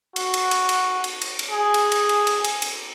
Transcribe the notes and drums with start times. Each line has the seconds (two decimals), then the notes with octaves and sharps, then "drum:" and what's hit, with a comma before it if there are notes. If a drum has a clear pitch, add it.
0.16 F#4, drum: cymbal
0.34 drum: cymbal
0.51 drum: cymbal
0.69 drum: cymbal
1.04 drum: cymbal
1.21 drum: cymbal
1.39 drum: cymbal
1.51 G#4
1.74 drum: cymbal
1.92 drum: cymbal
2.09 drum: cymbal
2.27 drum: cymbal
2.44 drum: cymbal
2.62 drum: cymbal